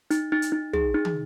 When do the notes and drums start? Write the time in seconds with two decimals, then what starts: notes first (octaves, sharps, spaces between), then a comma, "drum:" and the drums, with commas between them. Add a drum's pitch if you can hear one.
0.11 D#4, drum: hi-hat
0.32 D#4
0.42 drum: hi-hat
0.52 D#4
0.73 G#4, drum: tom
0.94 D#4
1.05 drum: tom